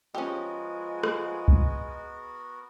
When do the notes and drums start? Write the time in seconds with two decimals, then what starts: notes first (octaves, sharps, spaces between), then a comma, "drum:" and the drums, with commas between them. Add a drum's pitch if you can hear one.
0.15 F3 G#3 B3 C#4 F#4 G4 A#4
1.03 drum: rim click
1.48 drum: kick